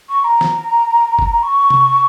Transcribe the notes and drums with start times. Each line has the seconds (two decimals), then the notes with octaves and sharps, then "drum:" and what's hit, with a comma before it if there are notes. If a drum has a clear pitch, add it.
0.09 C#6
0.24 A#5
0.41 drum: snare
1.19 drum: kick G1
1.42 C#6
1.70 drum: tom C3